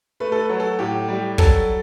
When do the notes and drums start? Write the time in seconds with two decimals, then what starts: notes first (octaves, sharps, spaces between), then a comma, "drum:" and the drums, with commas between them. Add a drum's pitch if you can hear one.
0.20 A3 B4
0.32 A4
0.40 B4
0.49 F#3
0.60 A4
0.79 A2 G4
1.09 G3
1.38 F#3 A4, drum: kick